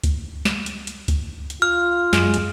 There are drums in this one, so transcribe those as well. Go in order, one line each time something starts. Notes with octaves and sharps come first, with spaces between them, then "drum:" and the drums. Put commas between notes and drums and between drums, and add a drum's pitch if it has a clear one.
drum: kick C#2, hi-hat
drum: snare
drum: hi-hat
drum: hi-hat
drum: kick C#2, hi-hat
drum: hi-hat
F4 F6
F#2 G#3, drum: snare
drum: hi-hat